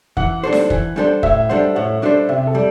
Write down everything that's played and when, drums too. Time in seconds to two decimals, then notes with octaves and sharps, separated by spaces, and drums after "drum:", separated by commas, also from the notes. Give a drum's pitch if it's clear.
0.17 E3 F#5, drum: kick
0.43 G3 D4 A4 C5
0.53 drum: snare D#4
0.70 E3, drum: kick
0.96 G3 D4 A4 C5
1.23 A2 E5, drum: kick
1.49 G3 D4 A4 C5 F#5
1.75 A2 F#5
2.02 G3 D4 A4 C5
2.29 C3 E5
2.47 A4
2.55 G3